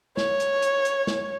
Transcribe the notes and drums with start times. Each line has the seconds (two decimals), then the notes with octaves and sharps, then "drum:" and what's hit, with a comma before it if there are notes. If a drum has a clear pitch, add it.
0.17 C#5, drum: snare
0.40 drum: hi-hat
0.62 drum: hi-hat
0.85 drum: hi-hat
1.07 drum: snare